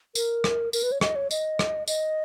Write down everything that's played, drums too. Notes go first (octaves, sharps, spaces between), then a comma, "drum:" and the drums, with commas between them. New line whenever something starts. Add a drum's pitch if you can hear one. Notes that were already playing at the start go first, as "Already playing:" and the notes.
A#4, drum: tambourine
drum: rim click
A#4, drum: tambourine
B4
C#5
D#5, drum: rim click
C#5
D#5, drum: tambourine
drum: rim click
D#5, drum: tambourine